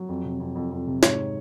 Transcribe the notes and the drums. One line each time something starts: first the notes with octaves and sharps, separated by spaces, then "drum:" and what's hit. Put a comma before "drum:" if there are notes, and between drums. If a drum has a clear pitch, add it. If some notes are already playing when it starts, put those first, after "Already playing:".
Already playing: F#3
F2
C3
F2
F2
F2
C3
G#2 C#5, drum: snare